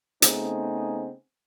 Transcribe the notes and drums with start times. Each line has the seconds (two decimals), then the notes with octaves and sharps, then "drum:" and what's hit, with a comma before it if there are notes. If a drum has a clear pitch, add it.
0.22 C#3 A3 B3 C4 D#4 G#4, drum: hi-hat